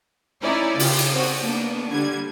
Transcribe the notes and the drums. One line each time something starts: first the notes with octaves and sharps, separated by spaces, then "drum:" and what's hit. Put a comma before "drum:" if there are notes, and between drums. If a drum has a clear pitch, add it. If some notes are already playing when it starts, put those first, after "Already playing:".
C#4 D#4 E4 D5
C#3 F4 G4, drum: open hi-hat
drum: cymbal
C4 F#4
A#3 B3 D4
D3 G3 G#6